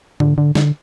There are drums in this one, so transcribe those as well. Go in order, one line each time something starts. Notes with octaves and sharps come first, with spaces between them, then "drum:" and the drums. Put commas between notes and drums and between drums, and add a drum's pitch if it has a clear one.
D3, drum: tom G#2
D3
D3, drum: snare